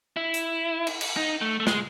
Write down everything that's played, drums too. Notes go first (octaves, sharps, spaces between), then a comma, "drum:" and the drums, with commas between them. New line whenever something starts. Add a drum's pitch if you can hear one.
E4
drum: hi-hat
drum: cymbal
drum: cymbal
D#4
A3
A3
G#3, drum: snare